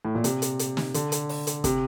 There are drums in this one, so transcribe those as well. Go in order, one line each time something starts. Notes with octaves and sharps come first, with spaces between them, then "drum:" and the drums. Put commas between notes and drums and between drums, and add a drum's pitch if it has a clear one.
A2
A#2
C3, drum: hi-hat
drum: hi-hat
drum: hi-hat
drum: snare
D3, drum: hi-hat
drum: hi-hat
drum: open hi-hat
drum: hi-hat
C3, drum: kick, hi-hat